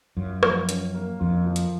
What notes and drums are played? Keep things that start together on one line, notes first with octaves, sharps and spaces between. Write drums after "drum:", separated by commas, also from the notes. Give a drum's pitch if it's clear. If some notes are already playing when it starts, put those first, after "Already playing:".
F#2 F4
F3, drum: rim click
C#4, drum: hi-hat
A#3
F2 F4
F3
drum: hi-hat